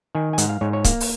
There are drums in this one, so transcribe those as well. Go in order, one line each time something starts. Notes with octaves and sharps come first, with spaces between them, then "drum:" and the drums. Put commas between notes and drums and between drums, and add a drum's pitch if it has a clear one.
D#3 G#5
G#5
G#2 F#5, drum: hi-hat
F5
G#2 C#5
C#5
A#3 F5, drum: kick C#1, hi-hat
drum: open hi-hat